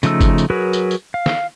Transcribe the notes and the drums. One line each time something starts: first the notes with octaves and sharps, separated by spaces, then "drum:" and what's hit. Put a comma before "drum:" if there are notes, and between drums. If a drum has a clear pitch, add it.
C#3 F3 A3 D#4 E6, drum: tambourine
drum: kick, tambourine
drum: tambourine
F#3 F#4 G#4 A#4 B4
drum: tambourine
drum: tambourine
F5
drum: snare